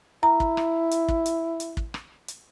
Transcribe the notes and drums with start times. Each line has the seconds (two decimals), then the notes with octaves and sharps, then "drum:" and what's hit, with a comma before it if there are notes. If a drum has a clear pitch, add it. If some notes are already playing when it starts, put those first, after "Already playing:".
0.23 E4 A#5
0.40 drum: kick
0.57 drum: rim click
0.91 drum: hi-hat
1.08 drum: kick
1.26 drum: hi-hat
1.60 drum: hi-hat
1.77 drum: kick
1.94 drum: rim click
2.28 drum: hi-hat